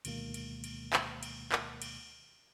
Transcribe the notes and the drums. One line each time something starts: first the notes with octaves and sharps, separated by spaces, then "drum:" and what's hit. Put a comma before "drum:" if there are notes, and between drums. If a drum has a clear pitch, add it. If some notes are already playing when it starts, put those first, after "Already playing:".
D2 B2 D#3 G#3 A#3, drum: cymbal
drum: cymbal
drum: cymbal
drum: clap
drum: cymbal
drum: clap
drum: cymbal